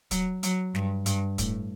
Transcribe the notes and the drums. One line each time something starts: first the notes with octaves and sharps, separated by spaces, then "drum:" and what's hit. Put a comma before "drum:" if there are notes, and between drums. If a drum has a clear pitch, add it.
F#3, drum: kick, hi-hat
F#3, drum: hi-hat
G2, drum: snare
G2, drum: hi-hat
A2, drum: kick, hi-hat